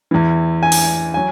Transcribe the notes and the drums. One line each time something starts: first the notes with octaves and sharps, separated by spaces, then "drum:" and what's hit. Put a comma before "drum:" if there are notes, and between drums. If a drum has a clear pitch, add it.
E2 E3
G#5
drum: open hi-hat
F#3 G#5